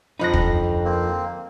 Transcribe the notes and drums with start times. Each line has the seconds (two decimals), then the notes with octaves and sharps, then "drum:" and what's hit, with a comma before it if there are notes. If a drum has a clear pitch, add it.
0.20 F2 D3 F3 D#4 B5 F#6 A#6
0.33 drum: kick
0.85 A#3 C4